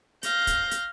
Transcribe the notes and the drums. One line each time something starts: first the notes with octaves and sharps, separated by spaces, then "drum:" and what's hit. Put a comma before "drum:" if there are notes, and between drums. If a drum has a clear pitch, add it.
F5 G6 A#6, drum: hi-hat
drum: kick, hi-hat
drum: hi-hat